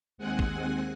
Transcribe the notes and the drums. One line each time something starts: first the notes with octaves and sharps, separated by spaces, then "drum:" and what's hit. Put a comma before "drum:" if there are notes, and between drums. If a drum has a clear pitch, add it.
D#2 G#3 C4 F#5 G#5 F#6
drum: kick